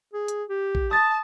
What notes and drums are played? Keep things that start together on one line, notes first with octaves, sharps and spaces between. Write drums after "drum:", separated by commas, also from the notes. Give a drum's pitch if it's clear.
G#4
drum: hi-hat
G4
drum: kick
A5 D#6 A6